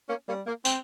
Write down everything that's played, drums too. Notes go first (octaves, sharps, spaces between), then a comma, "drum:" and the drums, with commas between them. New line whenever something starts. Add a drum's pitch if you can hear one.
A#3 C#4
G3 A#3 C#4
A#3
C4, drum: tambourine